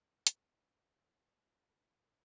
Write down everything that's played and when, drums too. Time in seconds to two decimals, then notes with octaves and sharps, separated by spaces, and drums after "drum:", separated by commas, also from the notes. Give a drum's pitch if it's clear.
0.27 A2 B4 C#5, drum: hi-hat
0.75 A3
1.22 F3
1.69 A2 A4 B4